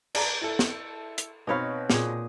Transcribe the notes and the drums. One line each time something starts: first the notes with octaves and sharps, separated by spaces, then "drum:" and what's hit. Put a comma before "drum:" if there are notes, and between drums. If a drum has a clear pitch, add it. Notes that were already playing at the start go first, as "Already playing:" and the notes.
D5 A5 A#5, drum: cymbal
E4 A4
drum: snare
drum: hi-hat
B2 C4 D#4 C#5 F5 B5
A#2 G#4, drum: snare